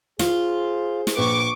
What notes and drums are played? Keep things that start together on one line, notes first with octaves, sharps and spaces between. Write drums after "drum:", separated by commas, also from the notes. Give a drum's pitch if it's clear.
F4 G#4 C5, drum: snare
drum: snare
A#1 B4 C#6 D6